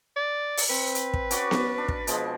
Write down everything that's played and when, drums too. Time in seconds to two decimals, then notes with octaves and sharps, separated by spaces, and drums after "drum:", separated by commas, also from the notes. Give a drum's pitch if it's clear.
0.16 D5
0.57 drum: open hi-hat
0.70 C4 B4
0.95 drum: hi-hat
1.14 drum: kick
1.31 C#4 F#4 D5, drum: hi-hat
1.51 drum: snare B3
1.78 D4
1.88 drum: kick
2.07 B2 F3 G#3, drum: hi-hat